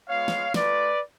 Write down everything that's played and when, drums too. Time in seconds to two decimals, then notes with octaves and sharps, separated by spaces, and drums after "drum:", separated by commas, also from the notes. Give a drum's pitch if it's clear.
0.09 G#3 B3 F4 C#5 F5
0.28 drum: snare
0.54 A3 F4 B4 D5, drum: snare